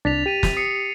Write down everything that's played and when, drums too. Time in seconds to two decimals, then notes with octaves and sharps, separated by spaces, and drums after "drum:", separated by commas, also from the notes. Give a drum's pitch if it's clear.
0.05 C2 D4 A6 B6 F7
0.26 G4 B6 D#7 F7
0.43 drum: snare
0.57 D#6 C7 C#7